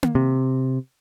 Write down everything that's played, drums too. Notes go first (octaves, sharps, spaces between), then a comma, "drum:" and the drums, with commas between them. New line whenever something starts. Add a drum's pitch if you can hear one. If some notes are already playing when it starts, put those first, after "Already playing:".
drum: tom A#3
C3